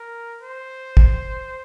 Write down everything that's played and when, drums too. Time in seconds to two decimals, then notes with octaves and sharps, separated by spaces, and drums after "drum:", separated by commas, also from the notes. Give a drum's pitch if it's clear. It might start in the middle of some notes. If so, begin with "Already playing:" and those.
Already playing: A#4
0.42 C5
0.97 drum: kick